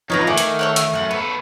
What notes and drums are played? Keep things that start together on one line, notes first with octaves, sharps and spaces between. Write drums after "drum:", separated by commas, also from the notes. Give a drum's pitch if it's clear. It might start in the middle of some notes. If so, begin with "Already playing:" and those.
F2 D3 D#4 F4 B4 C#5 A#5
D#3 A3 F#5 G#5 D6
drum: hi-hat
A4 C#5 F#5
D#6, drum: hi-hat
F#2 F#5 F6
B3 A4 C#5